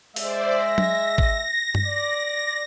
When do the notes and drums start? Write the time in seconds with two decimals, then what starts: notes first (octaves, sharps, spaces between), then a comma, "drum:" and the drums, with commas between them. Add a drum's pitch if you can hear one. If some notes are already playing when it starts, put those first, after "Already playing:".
0.16 G#3 C5 D5 E5, drum: open hi-hat
0.55 A#6
0.78 drum: tom F#3
1.18 drum: kick
1.75 drum: tom G2
1.86 D5